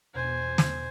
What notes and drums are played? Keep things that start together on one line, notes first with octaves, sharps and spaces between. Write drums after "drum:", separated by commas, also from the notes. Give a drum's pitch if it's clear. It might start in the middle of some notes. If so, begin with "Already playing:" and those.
E2 B2 C5 G#5
drum: snare